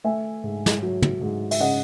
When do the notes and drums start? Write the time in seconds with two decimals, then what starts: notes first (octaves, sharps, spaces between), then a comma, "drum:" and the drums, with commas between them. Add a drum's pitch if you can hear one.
0.04 A3 E5 G#5
0.43 G#2
0.66 drum: snare
0.83 F#3
1.02 drum: tom
1.21 G#2
1.51 E5, drum: open hi-hat
1.60 C#3 D#5 F#5